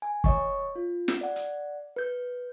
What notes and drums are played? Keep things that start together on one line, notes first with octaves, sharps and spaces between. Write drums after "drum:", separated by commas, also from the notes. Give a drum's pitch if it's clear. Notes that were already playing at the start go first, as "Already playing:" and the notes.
G#5
C#5 D#5 C#6, drum: kick
F4
drum: snare
D5 F#5
drum: hi-hat
B4 G6